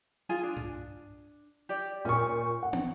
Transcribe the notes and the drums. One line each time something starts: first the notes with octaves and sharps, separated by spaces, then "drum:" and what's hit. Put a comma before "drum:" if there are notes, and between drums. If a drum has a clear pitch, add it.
F4 G#4 G#5
D4
drum: tom G2
G4 D5
A#2 C#4 C#6
F#5
drum: tom